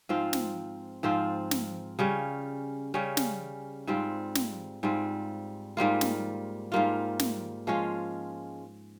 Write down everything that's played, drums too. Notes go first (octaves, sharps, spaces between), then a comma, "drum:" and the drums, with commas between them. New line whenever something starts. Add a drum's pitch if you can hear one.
G#2 F3 C4 F4
drum: snare
G#2 F3 C4 F4
drum: snare
C#3 G3 C#4
C#3 G3 C#4
drum: snare
G#2 G3 C4 F4
drum: snare
G#2 G3 C4 F4
G#2 G3 A#3 F4
drum: snare
G#2 G3 A#3 F4
drum: snare
F3 G#3 C#4 F4